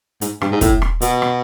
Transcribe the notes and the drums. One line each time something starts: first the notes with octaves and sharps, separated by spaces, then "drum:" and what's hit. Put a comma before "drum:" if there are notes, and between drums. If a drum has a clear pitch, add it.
G#2, drum: hi-hat
G2, drum: rim click
G#2
A2, drum: kick, hi-hat
drum: rim click
B2, drum: hi-hat
drum: rim click